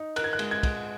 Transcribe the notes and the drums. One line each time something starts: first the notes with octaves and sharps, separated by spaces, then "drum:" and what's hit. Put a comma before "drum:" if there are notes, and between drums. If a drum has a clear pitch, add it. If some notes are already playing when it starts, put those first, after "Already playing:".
Already playing: D#4
A#4 F#6, drum: cymbal
G#6
F#6
G#3, drum: cymbal
G#6
G#3, drum: kick, cymbal